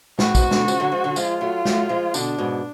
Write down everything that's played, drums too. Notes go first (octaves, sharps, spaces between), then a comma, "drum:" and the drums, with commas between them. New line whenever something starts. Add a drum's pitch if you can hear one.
A2 F#4, drum: snare
G#2 B2, drum: kick, tambourine
B2 D3, drum: snare
C#3 F3, drum: tambourine
D3 F#3
F3 G#3
D3 F#3
F3 G#3 F4, drum: tambourine
F#3 A3
F#3 A3, drum: snare
F3 G#3
B2 D3 D4, drum: tambourine
G#2 B2